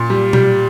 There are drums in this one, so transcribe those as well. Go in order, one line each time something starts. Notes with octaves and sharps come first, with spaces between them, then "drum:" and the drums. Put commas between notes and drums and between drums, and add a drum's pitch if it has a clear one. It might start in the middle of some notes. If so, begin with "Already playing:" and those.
Already playing: A#2
G3
G3, drum: tom B2